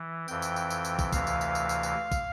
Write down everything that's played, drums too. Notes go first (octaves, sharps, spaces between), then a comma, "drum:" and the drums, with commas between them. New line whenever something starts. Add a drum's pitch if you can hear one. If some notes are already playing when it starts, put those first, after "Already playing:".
Already playing: E3
F2 E3 G5, drum: tambourine
drum: tambourine
drum: tambourine
drum: tambourine
drum: tambourine
drum: kick, tambourine
D2 C3 E3 F5, drum: kick, tambourine
drum: tambourine
drum: tambourine
drum: tambourine
drum: tambourine
drum: tambourine
drum: kick, tambourine